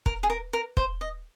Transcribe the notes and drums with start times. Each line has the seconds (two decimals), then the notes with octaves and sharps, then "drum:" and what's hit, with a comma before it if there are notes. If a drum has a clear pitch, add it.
0.06 A#4, drum: kick
0.23 G#4
0.30 A#4
0.53 A#4
0.77 C5, drum: kick
1.01 D#5